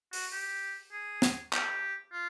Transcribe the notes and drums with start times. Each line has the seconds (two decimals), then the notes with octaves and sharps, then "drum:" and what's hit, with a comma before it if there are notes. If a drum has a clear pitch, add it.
0.13 F#4, drum: open hi-hat
0.33 G4
0.92 G#4
1.22 drum: snare
1.53 G4, drum: clap
2.13 F4